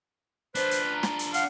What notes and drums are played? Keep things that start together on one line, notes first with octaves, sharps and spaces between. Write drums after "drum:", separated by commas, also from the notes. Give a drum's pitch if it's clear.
D4 F4 B4 C5, drum: hi-hat
drum: hi-hat
A#5
drum: snare
drum: hi-hat
F5 F#5, drum: hi-hat